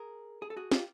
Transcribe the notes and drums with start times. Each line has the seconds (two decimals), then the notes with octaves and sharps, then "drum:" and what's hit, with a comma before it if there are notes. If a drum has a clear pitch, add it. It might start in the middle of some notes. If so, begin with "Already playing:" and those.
Already playing: G#4 A#4
0.42 G#4
0.50 A4
0.57 F#4 G#4
0.72 F4 G4, drum: snare